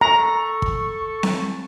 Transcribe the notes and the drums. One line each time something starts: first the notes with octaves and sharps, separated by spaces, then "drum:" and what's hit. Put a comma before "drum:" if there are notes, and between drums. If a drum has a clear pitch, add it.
A4 A#5 C#6
drum: kick
drum: snare C4